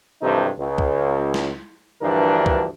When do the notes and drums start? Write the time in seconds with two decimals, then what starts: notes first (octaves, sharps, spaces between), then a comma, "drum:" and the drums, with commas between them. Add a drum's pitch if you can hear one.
0.22 G#1 G2 C3 E3 A3 D#4
0.59 C#2
0.78 drum: kick C#2
1.34 drum: snare
2.02 D2 G2 E3 F3 D4 A#4
2.46 drum: kick C#2